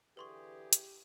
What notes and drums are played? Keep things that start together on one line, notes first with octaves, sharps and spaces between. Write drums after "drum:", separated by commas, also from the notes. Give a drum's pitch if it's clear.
D3 E3 G4 G#4 B4 C6 C#6
drum: hi-hat